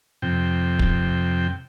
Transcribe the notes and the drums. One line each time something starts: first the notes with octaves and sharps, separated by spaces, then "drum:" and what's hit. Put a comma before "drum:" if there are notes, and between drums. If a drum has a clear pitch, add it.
F2 C3 G5
drum: kick